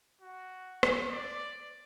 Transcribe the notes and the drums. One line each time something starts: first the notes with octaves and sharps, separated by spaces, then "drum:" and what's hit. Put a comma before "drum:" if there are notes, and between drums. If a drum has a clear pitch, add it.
F#4
drum: rim click
D5